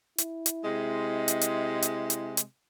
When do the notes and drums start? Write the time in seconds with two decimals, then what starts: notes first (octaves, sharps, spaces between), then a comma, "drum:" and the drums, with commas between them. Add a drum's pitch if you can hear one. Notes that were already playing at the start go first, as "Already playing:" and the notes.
0.18 E4, drum: hi-hat
0.46 drum: hi-hat
0.65 C3 G#3
1.28 drum: hi-hat
1.41 drum: hi-hat
1.82 drum: hi-hat
2.10 drum: hi-hat
2.37 drum: hi-hat